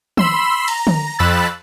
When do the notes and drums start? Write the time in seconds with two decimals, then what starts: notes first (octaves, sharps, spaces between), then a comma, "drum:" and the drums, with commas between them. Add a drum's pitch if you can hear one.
0.17 B5 C6 E6, drum: tom
0.68 A#5, drum: cymbal
0.87 drum: tom
1.19 F2 B5 E6 F#6 A6